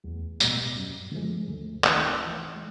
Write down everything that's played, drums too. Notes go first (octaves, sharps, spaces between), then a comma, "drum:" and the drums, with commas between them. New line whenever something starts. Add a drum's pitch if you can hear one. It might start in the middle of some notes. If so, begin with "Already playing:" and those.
E2
B2 G3, drum: tambourine
F#2
D3 F3 G#3
D2
C3 D#3, drum: clap
E3
G#3